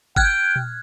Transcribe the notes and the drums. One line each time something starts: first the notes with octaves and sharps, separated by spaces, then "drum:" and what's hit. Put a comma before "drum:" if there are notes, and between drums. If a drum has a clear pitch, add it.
G5 F6 F#6 G#6, drum: kick G1
drum: tom A#2